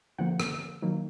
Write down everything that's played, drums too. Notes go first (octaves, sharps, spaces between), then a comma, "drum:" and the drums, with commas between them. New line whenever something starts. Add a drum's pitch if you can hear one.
D3 F3 A#3 F#5
drum: rim click
D#3 F#3 A#3